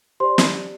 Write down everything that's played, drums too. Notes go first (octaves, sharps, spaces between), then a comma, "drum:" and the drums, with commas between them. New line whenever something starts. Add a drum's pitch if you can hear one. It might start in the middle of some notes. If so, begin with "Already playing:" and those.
G4 C5 D5 C6
drum: snare